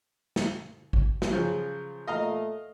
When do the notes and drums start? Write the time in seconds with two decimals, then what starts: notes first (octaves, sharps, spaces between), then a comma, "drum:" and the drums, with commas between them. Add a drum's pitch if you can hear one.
0.36 drum: snare
0.93 drum: kick G#1
1.22 drum: snare
1.31 C#3 F3 F#3
2.07 A#2 A3 D#5 F5 A#5